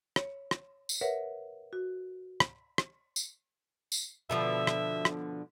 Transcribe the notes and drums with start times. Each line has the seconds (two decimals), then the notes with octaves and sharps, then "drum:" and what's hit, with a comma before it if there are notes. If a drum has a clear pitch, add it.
0.16 C#5, drum: rim click
0.51 drum: rim click
0.89 drum: tambourine
1.01 A#4 B4 C#5 E5 F#5
1.73 F#4
2.40 drum: rim click
2.78 drum: rim click
3.16 drum: tambourine
3.92 drum: tambourine
4.30 B2 D3 F3 E5
4.67 drum: rim click
5.05 drum: rim click